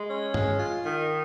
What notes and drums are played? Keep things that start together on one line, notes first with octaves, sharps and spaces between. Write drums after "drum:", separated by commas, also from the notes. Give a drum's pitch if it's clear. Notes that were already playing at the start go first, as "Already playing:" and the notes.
Already playing: G#3
C#4
G#3, drum: tom G2
F4
D#3